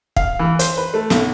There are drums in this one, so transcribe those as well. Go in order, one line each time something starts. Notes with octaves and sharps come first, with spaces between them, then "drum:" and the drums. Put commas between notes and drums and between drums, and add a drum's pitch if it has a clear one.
F5, drum: kick
E3
C5, drum: hi-hat
B4
A3
B1, drum: snare